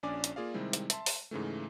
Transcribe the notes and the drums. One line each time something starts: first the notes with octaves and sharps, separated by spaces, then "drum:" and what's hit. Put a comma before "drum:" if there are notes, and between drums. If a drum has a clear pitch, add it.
A#1 C#4 D4 D5 G#5 D6
drum: hi-hat
A#3 F4 G#4 D5 F5
C3 D#3 G3 G#3 C4 E4
drum: hi-hat
E5 A5 C6, drum: hi-hat
drum: open hi-hat
G#2 C#3 E3 A3